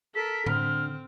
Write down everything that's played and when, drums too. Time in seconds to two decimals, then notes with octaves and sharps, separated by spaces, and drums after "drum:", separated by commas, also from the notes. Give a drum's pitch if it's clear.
0.15 A4 A#4 B6
0.46 D3 C4 F6, drum: tom A2